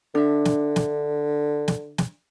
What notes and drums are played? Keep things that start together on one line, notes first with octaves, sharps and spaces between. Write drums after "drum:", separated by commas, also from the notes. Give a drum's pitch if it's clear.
D3 D4 E5
drum: snare
drum: snare
drum: snare
drum: snare